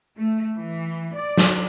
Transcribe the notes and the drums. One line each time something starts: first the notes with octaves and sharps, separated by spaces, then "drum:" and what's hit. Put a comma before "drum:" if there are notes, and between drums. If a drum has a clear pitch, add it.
A3
E3
D5
drum: snare